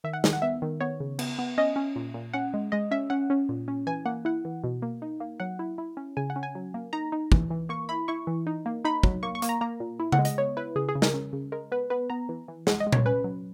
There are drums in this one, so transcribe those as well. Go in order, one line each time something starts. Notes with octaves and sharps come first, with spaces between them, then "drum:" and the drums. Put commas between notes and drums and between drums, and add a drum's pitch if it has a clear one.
D#3 E5
F#5
D#3, drum: snare
F#5
B3 E5
D#3
B3 C#5
C#3
B3, drum: cymbal
B3
C#4 D#5
C#4
A#2
A#2
C#4 F#5
G#3
G#3 D#5
C#4 E5
C#4 F#5
C#4
A#2
C#4
E3 G#5
A#3 F#5
E4 F#5
E3
B2
A#3
D#4
A#3
F#3 F#5
E4
E4
C#4
C#3 G#5
F#5
C#4
G#5
F#3
A#3
D#4 A#5
D#4
E3, drum: kick
E3
A#3 C#6
E4 B5
E4 C#6
E3
D#4
A#3
D#4 B5
F#3, drum: kick
A#3 C#6
C#6
A#3, drum: hi-hat
A#5
A#3 A#5
A#2
E4
F#5, drum: tom C#3
G#3
D#5, drum: hi-hat
B3 C#5
E4 B4
C#3 G#4
G#4
C#3
A#4, drum: snare
C#4
C#3
G#3 A#4
B3 B4
B3 B4
B3 A#5
E3
E3
G#3 F#5, drum: snare
D#5
G#3
C#5, drum: tom A#2
C#4 B4
F#3